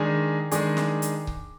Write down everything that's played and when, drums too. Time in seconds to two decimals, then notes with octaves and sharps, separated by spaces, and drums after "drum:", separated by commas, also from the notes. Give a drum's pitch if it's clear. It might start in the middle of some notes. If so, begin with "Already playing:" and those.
Already playing: D#3 G#3 D4 G#4
0.51 D#3 G#3 D4 G#4, drum: hi-hat
0.77 drum: snare
1.02 drum: hi-hat
1.27 drum: kick C#1